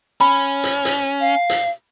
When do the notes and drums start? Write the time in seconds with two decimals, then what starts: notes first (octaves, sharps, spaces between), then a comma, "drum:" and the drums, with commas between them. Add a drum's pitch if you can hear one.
0.21 C#4 B5
0.64 drum: hi-hat
0.85 drum: hi-hat
1.20 F5
1.50 drum: hi-hat